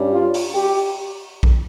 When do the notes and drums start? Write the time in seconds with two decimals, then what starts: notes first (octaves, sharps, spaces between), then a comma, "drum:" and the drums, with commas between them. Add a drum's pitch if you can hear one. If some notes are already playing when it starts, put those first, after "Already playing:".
Already playing: G2 G3 C#4
0.10 F4
0.34 drum: open hi-hat
0.55 G4
1.43 drum: kick A#1